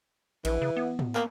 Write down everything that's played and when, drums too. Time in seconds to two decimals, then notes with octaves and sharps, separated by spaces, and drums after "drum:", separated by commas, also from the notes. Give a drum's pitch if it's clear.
0.45 A#1 E3, drum: cymbal
0.61 C#3
0.77 B3
0.99 drum: tom
1.15 A#3, drum: clap